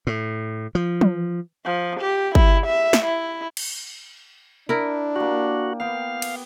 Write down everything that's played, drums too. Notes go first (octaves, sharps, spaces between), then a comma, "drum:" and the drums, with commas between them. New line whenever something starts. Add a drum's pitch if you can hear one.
A2
F3
drum: tom
F3
G4
E4, drum: kick G1
E5
drum: snare
E4
drum: cymbal
D4 E4 A#4
A#3 F#4 G4
B3 F5 G5
drum: cymbal